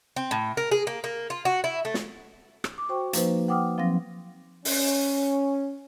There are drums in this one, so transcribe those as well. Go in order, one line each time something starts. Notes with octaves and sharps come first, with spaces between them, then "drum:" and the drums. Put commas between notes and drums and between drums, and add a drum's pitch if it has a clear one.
C4
A2
A#4
G#4
A#3
A#3
F4
F#4
E4
A3
drum: snare
drum: rim click
D6
F#4 C5 G5 C#6
F3 A#3 D#4 B4 C5, drum: hi-hat
F#5 G5 D6 D#6 F6
F3 F#3 C4 F5 A#6
C#4, drum: open hi-hat